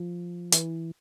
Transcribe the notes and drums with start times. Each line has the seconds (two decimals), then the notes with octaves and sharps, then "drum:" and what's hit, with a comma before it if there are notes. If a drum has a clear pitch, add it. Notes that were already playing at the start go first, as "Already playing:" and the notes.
Already playing: F3
0.52 E3, drum: hi-hat